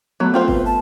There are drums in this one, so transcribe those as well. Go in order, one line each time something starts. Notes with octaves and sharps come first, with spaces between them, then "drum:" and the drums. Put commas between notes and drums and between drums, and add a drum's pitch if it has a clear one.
F#3 A3 B3
C4 F4 C5 F#5
B4, drum: kick G1
A5